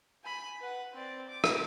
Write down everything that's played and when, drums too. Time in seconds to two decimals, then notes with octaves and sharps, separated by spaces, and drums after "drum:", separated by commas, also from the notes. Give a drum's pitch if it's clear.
0.24 G#5 B5
0.61 B4 F#5
0.93 C4 D5
1.29 D6
1.44 drum: rim click